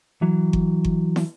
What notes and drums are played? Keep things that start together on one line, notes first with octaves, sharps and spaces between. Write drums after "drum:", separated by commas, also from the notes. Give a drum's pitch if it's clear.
E3 F#3
drum: kick G1
drum: kick G1
drum: snare